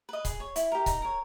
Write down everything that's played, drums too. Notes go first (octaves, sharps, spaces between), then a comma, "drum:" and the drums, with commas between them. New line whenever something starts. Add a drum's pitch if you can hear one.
B4 D#5
G#4, drum: kick C#1, hi-hat
C#5
E4, drum: hi-hat
G4 A#4
D#4 A#5, drum: kick C#1, hi-hat
A#4 C#5